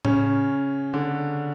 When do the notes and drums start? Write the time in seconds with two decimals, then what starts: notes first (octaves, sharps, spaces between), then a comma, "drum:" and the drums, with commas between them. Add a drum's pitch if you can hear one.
0.05 C#3 C#4, drum: tom A2
0.94 D3 D4